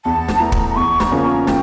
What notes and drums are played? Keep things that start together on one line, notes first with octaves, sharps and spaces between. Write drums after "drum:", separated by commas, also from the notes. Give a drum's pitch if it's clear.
E2 A5
drum: snare
E3 A3 A#5
drum: kick
A#5
E2 C#6
A#5, drum: snare
C#3 F3 A#3 C#4
A#5
G5, drum: snare